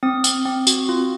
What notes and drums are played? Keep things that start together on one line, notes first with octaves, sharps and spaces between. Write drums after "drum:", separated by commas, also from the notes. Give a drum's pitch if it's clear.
C4 D#6
C4, drum: tambourine
C4
F#4, drum: tambourine
F4